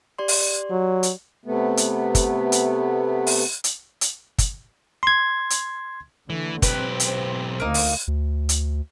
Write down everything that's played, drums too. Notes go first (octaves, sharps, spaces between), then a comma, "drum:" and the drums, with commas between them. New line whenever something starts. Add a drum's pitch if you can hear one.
G4 D5 C6
drum: open hi-hat
F#3
drum: hi-hat
C3 A3 B3
drum: hi-hat
drum: kick, hi-hat
drum: hi-hat
drum: open hi-hat
drum: hi-hat
drum: hi-hat
drum: kick, hi-hat
C6 G#6
drum: hi-hat
D3 E3 A3
B1 C4 G4 B4, drum: kick, hi-hat
drum: hi-hat
D2 A#3 D#4
drum: open hi-hat
D2
drum: hi-hat